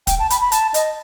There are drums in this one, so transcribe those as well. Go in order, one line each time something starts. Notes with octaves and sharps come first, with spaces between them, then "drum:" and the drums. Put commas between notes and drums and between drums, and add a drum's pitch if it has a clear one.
G5, drum: kick, hi-hat
A5
B5, drum: hi-hat
B5
A5, drum: hi-hat
D#5, drum: hi-hat